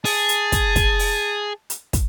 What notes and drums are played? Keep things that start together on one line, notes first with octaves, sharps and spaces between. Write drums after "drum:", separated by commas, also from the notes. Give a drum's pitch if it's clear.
G#4 A5, drum: open hi-hat
drum: hi-hat
drum: kick, hi-hat
drum: kick, hi-hat
drum: open hi-hat
drum: hi-hat
drum: kick, hi-hat